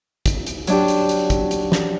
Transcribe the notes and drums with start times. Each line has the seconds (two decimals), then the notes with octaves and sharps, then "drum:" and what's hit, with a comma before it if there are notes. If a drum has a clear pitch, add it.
0.26 drum: kick, hi-hat
0.47 drum: hi-hat
0.67 F#3 D4 G4, drum: hi-hat
0.88 drum: hi-hat
1.09 drum: hi-hat
1.30 drum: kick, hi-hat
1.51 drum: hi-hat
1.72 drum: snare